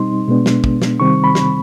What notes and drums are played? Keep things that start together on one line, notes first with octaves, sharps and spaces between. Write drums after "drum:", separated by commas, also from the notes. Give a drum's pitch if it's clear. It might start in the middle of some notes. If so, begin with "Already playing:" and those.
Already playing: B2 G3 C4 D#4 C6
B2 G#3 B3 D4
drum: snare
drum: kick
drum: snare
C3 D#3 G3 C4 C#6
B5
drum: snare